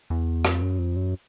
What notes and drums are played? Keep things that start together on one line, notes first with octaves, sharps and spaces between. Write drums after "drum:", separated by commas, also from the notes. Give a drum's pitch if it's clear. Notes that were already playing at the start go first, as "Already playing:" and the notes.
E2
F2, drum: rim click
F#2
F2
F#2